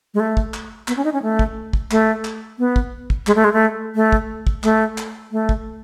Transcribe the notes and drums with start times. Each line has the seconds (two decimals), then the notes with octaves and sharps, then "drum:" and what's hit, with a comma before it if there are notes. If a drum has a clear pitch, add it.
0.14 G#3
0.20 A3
0.37 drum: kick
0.54 drum: clap
0.88 B3, drum: clap
0.97 C#4
1.05 D#4
1.13 C#4
1.23 A3
1.39 drum: kick
1.73 drum: kick
1.91 A3, drum: clap
2.25 drum: clap
2.59 B3
2.76 drum: kick
3.10 drum: kick
3.27 G#3, drum: clap
3.36 A3
3.44 G#3
3.53 A3
3.95 A3
4.12 drum: kick
4.47 drum: kick
4.63 A3, drum: clap
4.98 drum: clap
5.32 A3
5.49 drum: kick